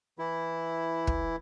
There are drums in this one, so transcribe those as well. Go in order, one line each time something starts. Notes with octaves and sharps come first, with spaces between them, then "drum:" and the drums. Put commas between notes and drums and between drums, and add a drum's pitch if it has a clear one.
E3 E4
drum: kick